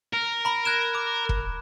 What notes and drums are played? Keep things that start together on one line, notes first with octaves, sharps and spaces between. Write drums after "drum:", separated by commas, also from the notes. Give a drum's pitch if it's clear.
A#4
A#5 B5
F#6 G#6 E7
D6
drum: kick